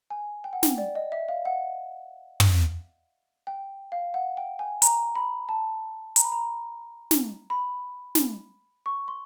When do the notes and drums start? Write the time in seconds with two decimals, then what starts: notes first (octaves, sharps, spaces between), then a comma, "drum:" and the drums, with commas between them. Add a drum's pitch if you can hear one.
0.10 G#5
0.44 G5
0.53 F#5
0.63 G5, drum: snare
0.78 D5
0.95 D#5
1.12 E5
1.29 F5
1.45 F#5
2.40 drum: tom
3.47 G5
3.92 F5
4.14 F#5
4.37 G5
4.59 G#5
4.82 A#5, drum: hi-hat
5.15 B5
5.49 A5
6.16 A#5, drum: hi-hat
6.24 B5
6.32 A#5
7.11 drum: snare
7.50 B5
8.15 drum: snare
8.86 C#6
9.08 C6